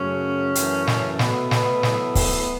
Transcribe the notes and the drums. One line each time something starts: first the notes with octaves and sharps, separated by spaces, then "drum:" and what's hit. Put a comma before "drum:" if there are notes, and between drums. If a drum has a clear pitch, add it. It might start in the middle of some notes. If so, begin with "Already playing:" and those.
Already playing: F#2 C#3 F#3 A3 C#4
F#2 E3 A3, drum: hi-hat
drum: snare
B2 A3 B3, drum: snare
B3, drum: snare
A2 F#3 A3, drum: snare
drum: kick C#1, open hi-hat